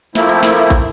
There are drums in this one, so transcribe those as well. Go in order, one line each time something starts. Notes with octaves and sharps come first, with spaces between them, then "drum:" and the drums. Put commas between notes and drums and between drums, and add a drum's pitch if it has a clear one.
F3 A3 A#3 C4 E4, drum: snare
drum: hi-hat
drum: snare
drum: hi-hat
drum: kick, hi-hat